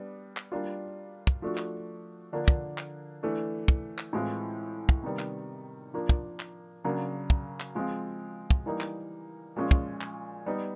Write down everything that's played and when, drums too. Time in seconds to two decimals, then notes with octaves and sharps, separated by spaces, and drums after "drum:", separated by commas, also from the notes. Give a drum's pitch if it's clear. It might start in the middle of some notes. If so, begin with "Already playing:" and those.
Already playing: G3 B3 D4
0.37 drum: clap
0.52 G3 A#3 D4 F4
1.27 drum: kick
1.42 F3 A3 D4 F#4
1.57 drum: clap
2.32 D3 F3 A#3 D4
2.48 drum: kick
2.78 drum: clap
3.23 E3 A3 D4
3.68 drum: kick
3.98 drum: clap
4.13 A2 E3 G#3 C4 F4
4.89 drum: kick
5.03 C3 D#3 G3 B3
5.19 drum: clap
5.94 F3 A#3 D4
6.09 drum: kick
6.40 drum: clap
6.84 C#3 F#3 A#3 D4
7.30 drum: kick
7.60 drum: clap
7.75 F3 G#3 C4 F4
8.51 drum: kick
8.66 E3 G3 A#3 D#4
8.81 drum: clap
9.56 A#2 F3 G#3 C#4 F4
9.71 drum: kick
10.01 drum: clap
10.46 G3 B3 D#4